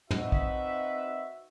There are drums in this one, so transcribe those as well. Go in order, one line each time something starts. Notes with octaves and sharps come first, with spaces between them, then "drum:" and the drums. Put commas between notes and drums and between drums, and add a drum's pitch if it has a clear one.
C4 D#4 F#4 B4 E5, drum: tom
drum: kick